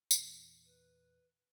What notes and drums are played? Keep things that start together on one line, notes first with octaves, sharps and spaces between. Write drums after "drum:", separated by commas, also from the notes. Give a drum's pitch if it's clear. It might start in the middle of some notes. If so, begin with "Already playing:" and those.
E2 A#2 E3, drum: tambourine
B4